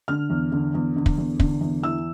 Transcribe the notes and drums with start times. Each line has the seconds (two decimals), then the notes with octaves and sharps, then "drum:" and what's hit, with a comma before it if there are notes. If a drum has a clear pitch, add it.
0.08 D3 F6
0.30 E2
0.52 D3
0.74 E2
0.96 D3
1.06 drum: kick
1.18 E2
1.40 D3, drum: kick
1.61 E2
1.83 E3 E6